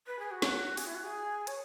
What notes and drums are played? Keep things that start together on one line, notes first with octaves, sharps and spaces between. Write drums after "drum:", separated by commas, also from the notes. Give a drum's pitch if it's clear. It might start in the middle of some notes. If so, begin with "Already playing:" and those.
B4
G#4
F#4
drum: snare
G#4, drum: open hi-hat
E4
F#4
G#4
C#5, drum: hi-hat